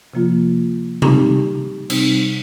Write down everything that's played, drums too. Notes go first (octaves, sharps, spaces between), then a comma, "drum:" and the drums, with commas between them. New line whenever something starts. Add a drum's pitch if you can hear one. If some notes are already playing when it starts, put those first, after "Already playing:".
C3 F3 A#3 F4
C3 G3 C4 D#4 G4, drum: tom C3
C3 G3 C4 D#4, drum: cymbal